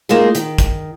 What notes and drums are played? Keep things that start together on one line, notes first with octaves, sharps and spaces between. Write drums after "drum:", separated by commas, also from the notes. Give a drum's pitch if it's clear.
A#3 D#4 F4 G#4
D#3, drum: hi-hat
drum: kick, hi-hat